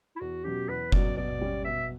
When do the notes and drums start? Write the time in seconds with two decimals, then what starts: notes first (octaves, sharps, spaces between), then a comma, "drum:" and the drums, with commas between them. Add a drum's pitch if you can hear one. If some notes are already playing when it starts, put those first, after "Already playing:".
0.16 E4
0.20 E2 F#4
0.44 B2 F#3 C#4 G4
0.69 E2 B4
0.92 B2 F#3 C#4 D5, drum: kick F#1
1.17 B2 D5
1.41 G3 C#4
1.65 B2 E5